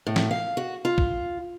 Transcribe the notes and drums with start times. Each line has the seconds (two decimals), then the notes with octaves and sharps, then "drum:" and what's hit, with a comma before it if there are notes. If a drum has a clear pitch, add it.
0.07 A2
0.16 drum: snare
0.31 F5
0.57 F#4
0.85 F4
0.98 drum: kick